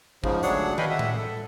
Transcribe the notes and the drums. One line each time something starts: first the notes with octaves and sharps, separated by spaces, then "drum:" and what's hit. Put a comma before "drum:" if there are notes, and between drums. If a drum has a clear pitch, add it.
G#2 C#3 F3, drum: kick
D2 F#3 D4 G#4 C#5 F#5, drum: hi-hat
B4 D#5 F5 G5 G#5 B5, drum: tom
E5 F#5
drum: tom A2
A4